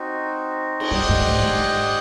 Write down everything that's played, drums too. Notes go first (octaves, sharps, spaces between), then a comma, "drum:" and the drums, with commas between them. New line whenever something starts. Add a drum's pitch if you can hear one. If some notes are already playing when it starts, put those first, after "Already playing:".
Already playing: C4 D#4 F#4
drum: cymbal
G2 D4 G4 C5 D#5 F#5
G#2
A2
A2
G#2